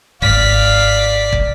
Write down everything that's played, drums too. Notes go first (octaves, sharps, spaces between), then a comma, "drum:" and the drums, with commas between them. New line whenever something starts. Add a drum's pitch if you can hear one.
G#1 D5 F5 B6, drum: kick
drum: kick